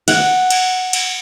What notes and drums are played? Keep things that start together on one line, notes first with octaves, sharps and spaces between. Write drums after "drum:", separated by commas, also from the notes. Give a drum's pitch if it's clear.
F#5, drum: cymbal
drum: cymbal
drum: cymbal